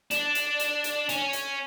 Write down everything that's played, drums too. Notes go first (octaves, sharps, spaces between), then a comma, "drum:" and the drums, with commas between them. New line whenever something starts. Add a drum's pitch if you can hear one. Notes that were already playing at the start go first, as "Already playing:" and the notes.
D4, drum: hi-hat
drum: hi-hat
drum: hi-hat
drum: hi-hat
C#4, drum: hi-hat
drum: hi-hat